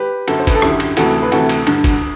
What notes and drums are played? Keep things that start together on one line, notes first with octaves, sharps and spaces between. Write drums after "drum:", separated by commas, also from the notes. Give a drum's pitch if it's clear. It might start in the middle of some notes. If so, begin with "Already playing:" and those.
Already playing: G4 B4
F#2 D3 F#4 A4, drum: cymbal
C5
B4, drum: kick F#1, cymbal
A4
F#2 D3 E4 G4, drum: rim click
drum: cymbal
D2 C3 E3 F#4 A4, drum: cymbal
B4
D2 C3 E3 F#4 A4, drum: cymbal
drum: cymbal
G2 D3, drum: cymbal
drum: kick F#1, cymbal